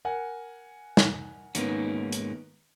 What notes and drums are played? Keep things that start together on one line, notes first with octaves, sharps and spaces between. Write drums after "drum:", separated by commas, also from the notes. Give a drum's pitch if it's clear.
A#4 F#5 G#5
drum: snare
G#2 D#3 A#3 B3 C#4, drum: hi-hat
drum: hi-hat